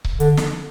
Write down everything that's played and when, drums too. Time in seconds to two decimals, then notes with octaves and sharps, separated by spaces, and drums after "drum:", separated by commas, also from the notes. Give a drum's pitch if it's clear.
0.05 drum: kick C#1
0.20 D3, drum: hi-hat
0.37 drum: snare